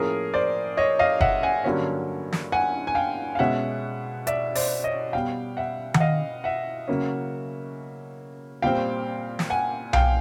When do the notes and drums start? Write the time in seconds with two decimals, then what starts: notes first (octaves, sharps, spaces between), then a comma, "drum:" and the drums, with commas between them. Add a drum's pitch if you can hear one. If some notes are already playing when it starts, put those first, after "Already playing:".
Already playing: A2 F3 A#3 C#4 G#4 A#4
0.34 C5 D5
0.77 C#5 D#5
0.99 D#5 F5
1.21 E5 F#5, drum: kick F#1
1.43 F#5 G#5
1.64 G2 D3 F#3 A#3 C#4
2.32 drum: snare
2.52 F#5 G#5
2.87 G#5
2.95 F5 G5
3.35 F5
3.39 B2 G#3 C#4 E5 F#5
4.27 D5 E5, drum: hi-hat
4.55 C5 D5, drum: open hi-hat
4.84 C#5 D#5
5.13 B2 G3 B3 F5 G5
5.57 E5 F#5
5.94 F#5, drum: tom D#3
6.00 D#5 F5
6.44 E5 F#5
6.88 C#3 F#3 A#3 C#4
8.62 A#2 G3 C4 F5 G5
9.39 drum: snare
9.50 F#5 G#5
9.93 F5 G5, drum: tom B1